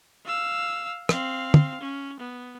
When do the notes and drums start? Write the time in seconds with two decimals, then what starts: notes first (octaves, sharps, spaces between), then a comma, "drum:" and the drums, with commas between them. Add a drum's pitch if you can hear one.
0.25 F5 E6
1.09 C4 F5, drum: rim click
1.54 drum: tom
1.81 C#4
2.19 B3